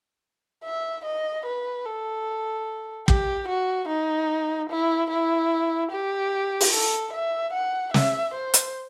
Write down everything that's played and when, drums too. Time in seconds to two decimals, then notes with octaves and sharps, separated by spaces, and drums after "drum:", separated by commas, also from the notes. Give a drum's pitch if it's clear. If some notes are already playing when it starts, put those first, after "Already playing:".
0.64 E5
1.05 D#5
1.46 B4
1.86 A4
3.08 G4, drum: kick
3.48 F#4
3.89 D#4
4.70 E4
5.11 E4
5.92 G4
6.60 drum: open hi-hat
6.73 A4
7.14 E5
7.54 F#5
7.94 E5, drum: snare
8.35 C5
8.54 drum: hi-hat